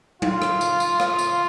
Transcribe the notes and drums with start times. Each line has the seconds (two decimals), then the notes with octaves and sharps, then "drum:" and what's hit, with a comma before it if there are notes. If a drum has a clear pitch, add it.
0.22 F4, drum: tom
0.42 drum: rim click
0.61 drum: tambourine
0.80 drum: tambourine
1.00 F4, drum: rim click
1.19 drum: tambourine